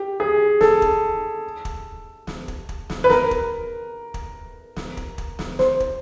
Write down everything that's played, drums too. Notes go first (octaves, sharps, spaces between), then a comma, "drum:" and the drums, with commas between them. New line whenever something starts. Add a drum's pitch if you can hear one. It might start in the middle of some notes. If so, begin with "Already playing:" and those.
Already playing: G4
G#4
A4, drum: snare
drum: kick
drum: kick
drum: snare
drum: kick
drum: kick
drum: snare
B4
A#4, drum: snare
drum: kick
drum: kick
drum: snare
drum: kick
drum: kick
drum: snare
C5, drum: snare
drum: kick